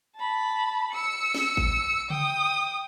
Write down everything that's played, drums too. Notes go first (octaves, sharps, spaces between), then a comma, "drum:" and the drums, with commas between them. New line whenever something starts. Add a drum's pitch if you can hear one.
A5 B5
E6 C#7
drum: snare
drum: kick G#1
G5 D#6, drum: tom C#3